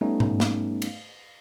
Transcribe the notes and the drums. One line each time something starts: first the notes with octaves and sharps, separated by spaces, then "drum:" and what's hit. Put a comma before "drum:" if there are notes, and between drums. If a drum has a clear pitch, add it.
G3 A3 B3 C#4 D#4
drum: tom G#2
drum: snare
drum: cymbal